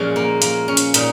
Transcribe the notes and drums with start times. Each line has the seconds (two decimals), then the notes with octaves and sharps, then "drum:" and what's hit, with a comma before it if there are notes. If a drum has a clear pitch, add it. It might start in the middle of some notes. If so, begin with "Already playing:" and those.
Already playing: A#2 F3 G#3 C#4
0.16 A#3
0.42 A#3, drum: hi-hat
0.68 C#4
0.77 drum: hi-hat
0.94 A#2 D#4, drum: hi-hat